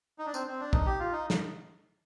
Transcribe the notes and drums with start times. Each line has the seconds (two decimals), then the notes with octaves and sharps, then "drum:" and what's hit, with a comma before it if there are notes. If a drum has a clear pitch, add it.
0.18 D#4
0.26 D4
0.34 C4, drum: tambourine
0.47 C4
0.60 D4
0.73 D#4, drum: kick
0.86 G4
1.00 F4
1.12 D#4
1.30 drum: snare